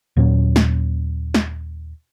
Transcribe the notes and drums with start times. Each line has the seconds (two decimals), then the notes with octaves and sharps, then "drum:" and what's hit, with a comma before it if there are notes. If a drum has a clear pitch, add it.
0.17 D#2 A#2 F#3 C#4
0.56 drum: snare
1.34 drum: snare